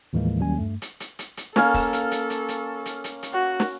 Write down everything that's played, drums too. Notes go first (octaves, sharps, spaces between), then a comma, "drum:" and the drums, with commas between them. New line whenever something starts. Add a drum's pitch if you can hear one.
D#2 A2 E3 F3 G#3 A#3
D#2 F#3 G3 C#4 G#5
G2 A3
drum: hi-hat
drum: hi-hat
drum: hi-hat
drum: hi-hat
A#3 C#4 A4 F5, drum: snare
drum: kick, open hi-hat
drum: hi-hat
drum: hi-hat
drum: hi-hat
drum: hi-hat
drum: hi-hat
drum: hi-hat
drum: hi-hat
F#4
drum: snare